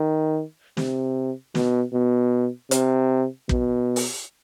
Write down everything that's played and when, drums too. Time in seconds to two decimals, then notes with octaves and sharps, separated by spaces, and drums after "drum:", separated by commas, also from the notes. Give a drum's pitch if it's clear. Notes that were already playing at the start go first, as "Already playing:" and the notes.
Already playing: D#3
0.77 C3, drum: snare
1.55 B2, drum: snare
1.93 B2
2.71 C3, drum: hi-hat
3.49 B2, drum: kick
3.96 drum: open hi-hat